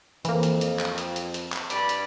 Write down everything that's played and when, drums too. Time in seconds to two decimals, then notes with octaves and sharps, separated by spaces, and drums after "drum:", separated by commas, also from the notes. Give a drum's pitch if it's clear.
0.25 F2 E3 A#3, drum: hi-hat
0.43 drum: hi-hat
0.61 drum: hi-hat
0.80 drum: clap
0.98 drum: hi-hat
1.16 drum: hi-hat
1.34 drum: hi-hat
1.53 drum: clap
1.70 G2 D5 B5, drum: hi-hat
1.89 drum: hi-hat